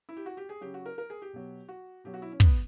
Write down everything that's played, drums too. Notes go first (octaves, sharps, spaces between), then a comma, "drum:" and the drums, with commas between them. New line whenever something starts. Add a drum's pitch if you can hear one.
E4
G4
F#4
G4
G#4
C#3 F#3 G4
F#4
A#4
A#4
G#4
G4
B2 F#3
F#4
B2 F#3 G4
F#4
E4
C#4
B3, drum: kick